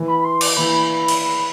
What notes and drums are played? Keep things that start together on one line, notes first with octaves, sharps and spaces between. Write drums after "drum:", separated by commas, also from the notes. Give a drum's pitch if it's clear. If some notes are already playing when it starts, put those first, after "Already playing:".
Already playing: E3
B5
B5
C6
D6, drum: cymbal
E3 B5
drum: cymbal